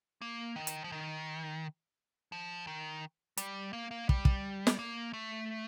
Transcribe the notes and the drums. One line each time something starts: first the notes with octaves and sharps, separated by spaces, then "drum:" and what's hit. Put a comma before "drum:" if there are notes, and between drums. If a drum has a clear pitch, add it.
A#3
D#3
drum: hi-hat
F3
D#3
F3
D#3
G3, drum: hi-hat
A#3
A#3
G3, drum: kick
drum: kick
drum: snare
A#3
A3